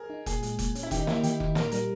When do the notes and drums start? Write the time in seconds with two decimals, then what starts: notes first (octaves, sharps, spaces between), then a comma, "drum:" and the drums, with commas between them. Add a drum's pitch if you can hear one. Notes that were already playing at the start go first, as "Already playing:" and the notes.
Already playing: G#4 A#4
0.10 D#4
0.26 A#2 G#4, drum: kick F1, hi-hat
0.43 G#3, drum: hi-hat
0.59 A#2, drum: kick F1, hi-hat
0.75 C#4, drum: hi-hat
0.83 E4
0.91 D#3 G4, drum: kick F1, hi-hat
0.99 D#4
1.07 A#3 E4, drum: snare
1.23 D#3 G4, drum: hi-hat
1.40 D#4, drum: kick F1
1.55 A#2 A#4, drum: snare
1.72 G3 A#4, drum: hi-hat